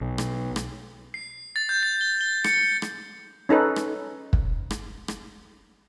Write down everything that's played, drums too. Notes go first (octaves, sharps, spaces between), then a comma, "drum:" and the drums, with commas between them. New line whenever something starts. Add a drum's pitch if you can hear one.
B1
drum: rim click
drum: rim click
C7
A6
G6
A6
G7
G7
C#7, drum: rim click
drum: rim click
C#4 D#4 A4 B4
drum: rim click
drum: kick
drum: rim click
drum: rim click